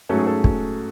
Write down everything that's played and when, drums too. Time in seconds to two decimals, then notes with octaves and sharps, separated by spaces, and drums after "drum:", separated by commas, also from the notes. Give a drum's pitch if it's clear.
0.09 G#2 F#3 A3 C#4 A4
0.18 G#4
0.27 A4
0.44 drum: kick